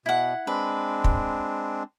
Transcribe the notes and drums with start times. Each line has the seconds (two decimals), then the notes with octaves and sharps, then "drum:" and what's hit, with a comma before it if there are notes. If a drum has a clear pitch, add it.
0.06 B2 E4 F#5
0.47 G#3 C4 D4 B4
1.04 drum: kick